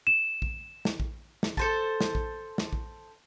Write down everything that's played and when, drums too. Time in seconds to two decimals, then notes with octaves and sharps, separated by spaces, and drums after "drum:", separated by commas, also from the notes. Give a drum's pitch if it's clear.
0.07 E7
0.42 drum: kick A#1
0.85 drum: snare
1.00 drum: kick A#1
1.43 drum: snare
1.57 A4 C5 A5, drum: kick A#1
2.01 drum: snare
2.15 drum: kick A#1
2.58 drum: snare
2.73 drum: kick A#1